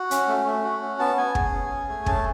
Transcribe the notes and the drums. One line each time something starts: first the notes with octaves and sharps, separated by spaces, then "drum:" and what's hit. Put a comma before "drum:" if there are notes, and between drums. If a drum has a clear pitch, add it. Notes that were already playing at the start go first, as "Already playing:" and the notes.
Already playing: F#4
C#4, drum: hi-hat
A3
A3
F#4
C#4
B3 A5
B3 G#5
G#4, drum: kick
C#4
G#4
A3
C#4 A5, drum: kick